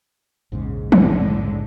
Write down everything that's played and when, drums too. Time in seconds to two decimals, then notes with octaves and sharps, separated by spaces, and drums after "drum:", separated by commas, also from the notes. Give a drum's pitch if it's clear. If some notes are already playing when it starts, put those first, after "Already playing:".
0.52 A#1 E2 G#2 C#3
0.92 A2 D3 G#3, drum: tom D#3